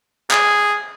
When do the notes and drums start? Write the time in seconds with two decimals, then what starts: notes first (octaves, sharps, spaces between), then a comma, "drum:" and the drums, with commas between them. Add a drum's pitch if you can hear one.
0.31 G#4, drum: clap